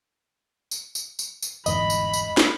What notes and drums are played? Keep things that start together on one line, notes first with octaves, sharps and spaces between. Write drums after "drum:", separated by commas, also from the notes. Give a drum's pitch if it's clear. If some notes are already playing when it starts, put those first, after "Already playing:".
drum: tambourine
drum: tambourine
drum: tambourine
drum: tambourine
G1 E2 G#2 D#5 B5, drum: tambourine
drum: tambourine
drum: tambourine
drum: snare